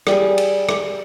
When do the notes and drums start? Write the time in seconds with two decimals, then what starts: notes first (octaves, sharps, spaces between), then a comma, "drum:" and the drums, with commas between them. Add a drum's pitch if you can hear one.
0.07 G3 G#4, drum: rim click
0.38 drum: cymbal
0.69 drum: rim click